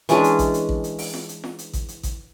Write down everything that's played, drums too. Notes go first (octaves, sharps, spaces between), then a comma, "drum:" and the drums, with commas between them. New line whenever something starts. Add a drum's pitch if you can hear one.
E3 G#3 C#4 D4, drum: hi-hat
drum: hi-hat
drum: kick A1, hi-hat
drum: hi-hat
drum: kick A1
drum: hi-hat
drum: open hi-hat
drum: snare F4
drum: hi-hat
drum: snare F4
drum: hi-hat
drum: kick A1, hi-hat
drum: hi-hat
drum: kick A1, hi-hat